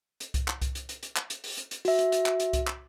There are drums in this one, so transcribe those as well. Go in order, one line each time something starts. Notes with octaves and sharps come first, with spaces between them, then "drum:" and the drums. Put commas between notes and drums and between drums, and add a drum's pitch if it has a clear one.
drum: hi-hat
drum: kick C2, hi-hat
drum: clap
drum: kick C2, hi-hat
drum: hi-hat
drum: hi-hat
drum: hi-hat
drum: clap
drum: hi-hat
drum: open hi-hat
drum: hi-hat
drum: hi-hat
F#4 E5, drum: open hi-hat
drum: hi-hat
drum: hi-hat
drum: clap
drum: hi-hat
drum: kick C2, hi-hat
drum: clap